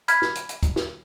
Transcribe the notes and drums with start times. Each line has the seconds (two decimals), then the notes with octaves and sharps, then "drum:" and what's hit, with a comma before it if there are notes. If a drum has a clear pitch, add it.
0.08 B5 F6 G#6 B6, drum: hi-hat
0.22 drum: snare
0.35 drum: hi-hat
0.49 drum: hi-hat
0.63 drum: kick, hi-hat
0.76 drum: snare